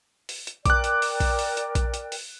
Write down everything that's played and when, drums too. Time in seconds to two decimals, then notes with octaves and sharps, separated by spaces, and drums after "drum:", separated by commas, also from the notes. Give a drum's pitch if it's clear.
0.29 drum: open hi-hat
0.47 drum: hi-hat
0.66 A#4 D5 G5 D6 F#6, drum: kick A#1, hi-hat
0.84 drum: hi-hat
1.02 drum: open hi-hat
1.20 drum: kick A#1, open hi-hat
1.39 drum: open hi-hat
1.57 drum: hi-hat
1.75 drum: kick A#1, hi-hat
1.94 drum: hi-hat
2.12 drum: open hi-hat